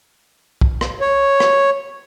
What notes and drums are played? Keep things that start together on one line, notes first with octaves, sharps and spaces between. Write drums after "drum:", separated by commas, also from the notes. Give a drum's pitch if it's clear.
drum: kick
drum: rim click
C#5
drum: rim click